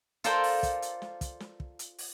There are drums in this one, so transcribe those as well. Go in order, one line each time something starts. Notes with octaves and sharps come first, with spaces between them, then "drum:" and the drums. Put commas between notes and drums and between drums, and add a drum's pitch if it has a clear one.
F4 A4 A#4 C5 D5 G5, drum: hi-hat
drum: open hi-hat
drum: kick, hi-hat
drum: hi-hat
drum: snare
drum: kick, hi-hat
drum: snare
drum: kick
drum: hi-hat
drum: open hi-hat